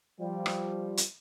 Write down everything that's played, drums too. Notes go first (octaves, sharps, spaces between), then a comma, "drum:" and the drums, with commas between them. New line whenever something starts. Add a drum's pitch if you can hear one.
F3 G3
drum: rim click
drum: hi-hat